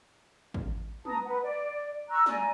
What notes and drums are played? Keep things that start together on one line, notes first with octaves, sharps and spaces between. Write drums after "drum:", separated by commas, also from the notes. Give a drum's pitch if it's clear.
drum: kick
B4 A5 A#5 D#6, drum: tom
B4 F#5
D5
A#5 C#6 E6 F#6
D5 G#5 A#5, drum: snare